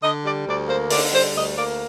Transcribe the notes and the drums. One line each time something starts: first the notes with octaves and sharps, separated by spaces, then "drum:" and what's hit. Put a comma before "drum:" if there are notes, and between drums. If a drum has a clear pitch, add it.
D3 D#5
G3 D5
D2 D5
A#3 C5
D3 D5, drum: open hi-hat
G3 C5
D2 D#5
A#3 D5